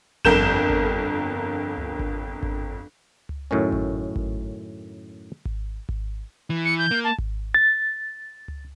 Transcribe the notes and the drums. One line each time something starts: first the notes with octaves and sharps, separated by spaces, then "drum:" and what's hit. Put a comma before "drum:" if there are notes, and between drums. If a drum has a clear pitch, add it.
G1 F2 A#4 G6 E7, drum: kick G#1
drum: kick G#1
drum: tom C#2
drum: kick G#1
drum: kick G#1
drum: tom C#2
F#2 A2 D#3 C#4
drum: kick G#1
drum: kick G#1
drum: kick G#1
drum: kick G#1
E3
C#7
G6
A#3
A5
drum: kick G#1
A6
drum: tom C#2